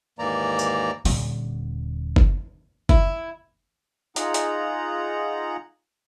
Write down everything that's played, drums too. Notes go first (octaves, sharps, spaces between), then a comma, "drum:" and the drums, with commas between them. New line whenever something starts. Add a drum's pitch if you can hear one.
D#2 G#2 E3 A#3 D5 A#5
drum: tambourine
D#1 D3, drum: open hi-hat
drum: kick F#1
E4, drum: kick F#1
D#4 F4 G#4 F#5 A#5, drum: hi-hat
drum: hi-hat